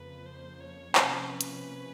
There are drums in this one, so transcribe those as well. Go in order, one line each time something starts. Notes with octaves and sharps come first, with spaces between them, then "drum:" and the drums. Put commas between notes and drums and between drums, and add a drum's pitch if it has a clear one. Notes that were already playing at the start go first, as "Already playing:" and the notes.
Already playing: F2 C#3 F3 A#3 B4
C5
C#5
C3 F3 A#3 C#4 C5, drum: clap
B4
drum: hi-hat